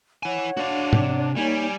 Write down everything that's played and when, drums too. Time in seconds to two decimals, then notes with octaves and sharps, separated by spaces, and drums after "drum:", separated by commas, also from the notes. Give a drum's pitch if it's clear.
0.23 E4 C#5 F#5 G#5
0.57 D4 F#4 F5
0.93 C3, drum: tom G#2
1.36 G3 A#3 D#4 C#5 G#5